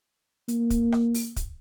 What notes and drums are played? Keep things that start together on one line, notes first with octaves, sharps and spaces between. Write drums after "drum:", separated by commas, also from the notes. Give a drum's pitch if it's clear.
A#3, drum: hi-hat
drum: kick, hi-hat
drum: rim click
drum: open hi-hat
drum: kick, hi-hat